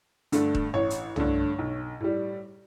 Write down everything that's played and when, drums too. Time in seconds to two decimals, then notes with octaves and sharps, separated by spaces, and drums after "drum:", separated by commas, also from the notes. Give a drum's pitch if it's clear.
0.32 G2 D3 A3, drum: hi-hat
0.55 drum: kick D#1
0.74 A1 C#5
0.90 drum: hi-hat
1.16 G2 D3 A3, drum: tom
1.58 B1
2.01 A2 G3